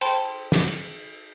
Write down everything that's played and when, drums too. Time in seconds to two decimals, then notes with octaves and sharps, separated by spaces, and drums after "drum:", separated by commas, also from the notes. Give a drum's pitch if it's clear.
0.01 C5 G5 A5 B5 C6, drum: cymbal
0.52 drum: snare
0.68 drum: cymbal